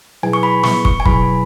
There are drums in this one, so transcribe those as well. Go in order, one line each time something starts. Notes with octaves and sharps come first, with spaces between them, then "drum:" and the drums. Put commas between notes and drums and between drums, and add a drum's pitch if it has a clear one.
B2 F#3 E4 G#4 B4 G#5
C#6
B5
C#6, drum: snare
C#6, drum: kick
G#5
B2 F#3 E4 G#4 B4 B5, drum: kick